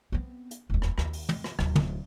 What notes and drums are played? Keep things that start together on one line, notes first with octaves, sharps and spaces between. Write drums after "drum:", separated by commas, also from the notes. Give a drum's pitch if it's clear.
B3 C4
drum: hi-hat
E1 D#2
drum: rim click
D#2, drum: rim click
drum: open hi-hat
drum: tom
drum: rim click
D1 D#2, drum: rim click
drum: tom